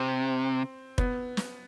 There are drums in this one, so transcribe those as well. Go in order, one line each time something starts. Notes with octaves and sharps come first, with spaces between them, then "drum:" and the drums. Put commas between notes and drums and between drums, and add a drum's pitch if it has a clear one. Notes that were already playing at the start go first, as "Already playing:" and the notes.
Already playing: C3 C4
B3, drum: kick
drum: snare